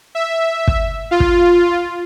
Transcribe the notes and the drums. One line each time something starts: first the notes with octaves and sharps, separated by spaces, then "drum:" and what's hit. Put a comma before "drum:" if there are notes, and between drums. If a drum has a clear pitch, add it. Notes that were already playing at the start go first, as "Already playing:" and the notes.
E5
drum: kick
F4
drum: kick